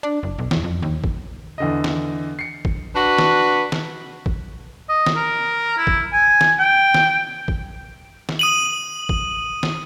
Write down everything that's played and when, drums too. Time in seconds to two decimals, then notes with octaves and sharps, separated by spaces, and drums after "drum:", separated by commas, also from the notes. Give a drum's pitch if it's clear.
0.03 D4
0.23 F#1
0.39 B1
0.51 E2, drum: snare
0.64 F2
0.82 D#2
1.04 drum: kick
1.58 E2 D3 D#5
1.84 drum: snare
2.39 C7 C#7
2.65 drum: kick
2.95 D4 F#4 B4
3.18 drum: snare
3.72 drum: snare
4.26 drum: kick
4.89 D#5
5.06 drum: snare
5.16 A#4
5.78 E4
5.87 drum: kick
6.13 G#5
6.41 drum: snare
6.59 G5
6.94 drum: snare
7.48 drum: kick
8.29 drum: snare
8.39 D#6 D#7 F#7
9.09 drum: kick
9.63 drum: snare